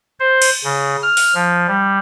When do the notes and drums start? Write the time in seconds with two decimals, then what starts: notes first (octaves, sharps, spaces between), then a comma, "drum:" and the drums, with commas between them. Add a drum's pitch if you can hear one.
0.20 C5
0.42 drum: cymbal
0.64 C#3
1.03 F6
1.17 drum: open hi-hat
1.35 F3
1.67 G3